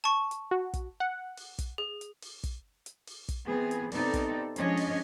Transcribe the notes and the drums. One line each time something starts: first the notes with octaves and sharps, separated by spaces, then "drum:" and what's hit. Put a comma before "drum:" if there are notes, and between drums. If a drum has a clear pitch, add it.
A5 C#6
drum: hi-hat
F#4
drum: kick, hi-hat
F#5
drum: open hi-hat
drum: kick, hi-hat
G#4
drum: hi-hat
drum: open hi-hat
drum: kick, hi-hat
drum: hi-hat
drum: open hi-hat
drum: kick, hi-hat
E3 B3 C4 G#4
drum: hi-hat
C3 B3 C4 D#4 A4 D5, drum: open hi-hat
drum: kick, hi-hat
F3 G#3 C#4 D4 C#5 D#5, drum: hi-hat
drum: open hi-hat